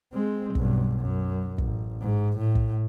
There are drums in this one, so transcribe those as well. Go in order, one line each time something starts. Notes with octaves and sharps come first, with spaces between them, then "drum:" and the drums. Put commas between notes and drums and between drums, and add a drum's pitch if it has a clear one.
G#3 C4
B1 G2, drum: kick
F#2
A1, drum: kick
G#2
A2
drum: kick